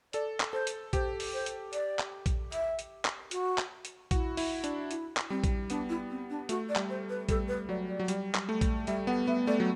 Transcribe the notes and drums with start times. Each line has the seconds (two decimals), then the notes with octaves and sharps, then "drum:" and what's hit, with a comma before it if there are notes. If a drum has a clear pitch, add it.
0.13 A4 D5, drum: hi-hat
0.40 drum: clap
0.53 A4 C5
0.67 drum: hi-hat
0.93 G4 C5, drum: kick A#1, hi-hat
1.20 drum: open hi-hat
1.33 C5
1.46 drum: hi-hat
1.73 D5, drum: hi-hat
1.99 drum: clap
2.26 drum: kick A#1, hi-hat
2.52 E5, drum: hi-hat
2.79 drum: hi-hat
3.05 drum: clap
3.31 F#4, drum: hi-hat
3.58 drum: clap
3.85 drum: hi-hat
4.11 E4 F#4, drum: kick A#1, hi-hat
4.37 E4, drum: open hi-hat
4.64 D4, drum: hi-hat
4.91 E4, drum: hi-hat
5.17 drum: clap
5.30 G3 C4
5.44 drum: kick A#1, hi-hat
5.70 B3 D4, drum: hi-hat
5.89 E4
6.10 C4
6.30 D4
6.49 A3 F#4, drum: hi-hat
6.69 D5
6.76 G3, drum: clap
6.90 C5
7.10 B4
7.29 G3 A4, drum: kick A#1, hi-hat
7.48 B4
7.69 F#3 D5
7.88 D5
7.99 F#3
8.08 G3, drum: hi-hat
8.35 drum: clap
8.49 A3
8.61 drum: kick A#1, hi-hat
8.87 G3 E5, drum: hi-hat
9.07 B3 F#5
9.27 B3 E5
9.47 A3 D5
9.60 F#3